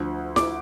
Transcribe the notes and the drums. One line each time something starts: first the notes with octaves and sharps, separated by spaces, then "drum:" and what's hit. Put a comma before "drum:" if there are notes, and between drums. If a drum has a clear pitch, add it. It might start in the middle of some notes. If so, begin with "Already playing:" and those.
Already playing: D2 D3 F3
D6, drum: snare E4